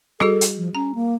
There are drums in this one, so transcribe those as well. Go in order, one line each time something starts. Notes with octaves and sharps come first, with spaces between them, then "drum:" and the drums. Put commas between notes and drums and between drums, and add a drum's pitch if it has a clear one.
G3 F#4 G#4 A4, drum: rim click
drum: hi-hat
F3
C#4 A#5
A#3